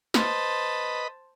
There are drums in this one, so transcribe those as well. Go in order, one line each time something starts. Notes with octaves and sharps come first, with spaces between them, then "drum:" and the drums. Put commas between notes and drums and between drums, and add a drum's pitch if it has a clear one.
B4 C5 D#5 A5 B5, drum: snare